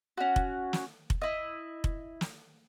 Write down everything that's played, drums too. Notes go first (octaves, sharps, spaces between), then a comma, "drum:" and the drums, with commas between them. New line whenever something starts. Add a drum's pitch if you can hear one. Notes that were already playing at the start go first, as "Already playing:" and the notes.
C#4 F#4
drum: kick F1
drum: snare
drum: kick F1
E4 D#5
drum: kick F1
drum: snare